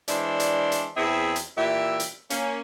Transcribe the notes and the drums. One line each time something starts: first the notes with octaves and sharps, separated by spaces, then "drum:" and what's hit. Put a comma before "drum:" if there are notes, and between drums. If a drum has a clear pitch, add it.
E3 G#3 D4 C5 D5 E5, drum: hi-hat
drum: hi-hat
drum: hi-hat
E2 C4 E4 G#4 E5
drum: hi-hat
A#2 E3 G4 E5
drum: hi-hat
A#3 C#4, drum: hi-hat